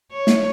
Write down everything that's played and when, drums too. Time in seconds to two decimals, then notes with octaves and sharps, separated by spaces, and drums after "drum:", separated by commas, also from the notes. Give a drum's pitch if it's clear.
0.12 C#5
0.27 drum: snare